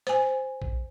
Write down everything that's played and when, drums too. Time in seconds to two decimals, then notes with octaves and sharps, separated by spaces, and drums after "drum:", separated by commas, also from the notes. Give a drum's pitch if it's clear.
0.07 C5 G#5, drum: hi-hat
0.62 drum: kick A#1